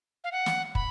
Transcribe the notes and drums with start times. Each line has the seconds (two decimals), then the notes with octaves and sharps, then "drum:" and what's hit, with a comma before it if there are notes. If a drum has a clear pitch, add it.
0.24 F5
0.32 F#5
0.46 drum: snare
0.75 B5, drum: kick